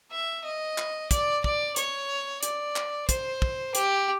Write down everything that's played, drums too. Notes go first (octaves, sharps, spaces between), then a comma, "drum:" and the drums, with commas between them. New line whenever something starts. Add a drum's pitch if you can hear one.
E5
D#5
drum: clap
D5, drum: kick, hi-hat
D5, drum: kick
C#5, drum: hi-hat
D5, drum: hi-hat
drum: clap
C5, drum: kick, hi-hat
drum: kick
G4, drum: hi-hat